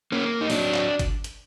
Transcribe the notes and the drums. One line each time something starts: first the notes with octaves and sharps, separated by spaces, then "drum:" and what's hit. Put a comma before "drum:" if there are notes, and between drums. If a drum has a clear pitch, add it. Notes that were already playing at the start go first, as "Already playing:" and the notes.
A#3 C#4
D#4
F#3 D4, drum: open hi-hat
drum: clap
drum: kick G#1, hi-hat
drum: hi-hat